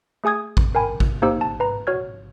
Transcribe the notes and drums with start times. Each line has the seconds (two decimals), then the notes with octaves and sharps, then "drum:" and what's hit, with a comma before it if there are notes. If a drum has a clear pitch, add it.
0.24 A3 G#4 G#5 D#6 G#6
0.57 drum: kick A1
0.75 A#4 G5 G#5 B5
1.00 drum: kick A1
1.22 A#3 D#4 G4 C5 E6
1.41 A5
1.60 B4 A#5
1.87 F#4 C#5 F6 G#6